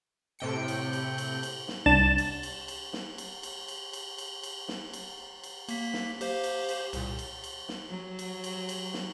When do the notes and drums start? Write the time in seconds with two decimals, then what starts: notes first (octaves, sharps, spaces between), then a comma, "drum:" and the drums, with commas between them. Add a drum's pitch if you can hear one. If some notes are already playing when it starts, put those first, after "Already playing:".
0.39 A2 C3 G5 C#7
0.68 drum: cymbal
0.93 drum: cymbal
1.18 drum: cymbal
1.43 drum: cymbal
1.68 drum: snare
1.86 C2 D4 A6 E7
2.18 drum: cymbal
2.43 drum: cymbal
2.68 drum: cymbal
2.93 drum: snare
3.18 drum: cymbal
3.43 drum: cymbal
3.68 drum: cymbal
3.93 drum: cymbal
4.18 drum: cymbal
4.43 drum: cymbal
4.68 drum: snare
4.93 drum: cymbal
5.44 drum: cymbal
5.69 A#3 B6, drum: cymbal
5.94 drum: snare
6.21 G4 C5 F5, drum: cymbal
6.44 drum: cymbal
6.69 drum: cymbal
6.93 C2 A#2, drum: cymbal
7.19 drum: cymbal
7.44 drum: cymbal
7.69 drum: snare
7.90 F#3
8.19 drum: cymbal
8.44 drum: cymbal
8.69 drum: cymbal
8.94 drum: snare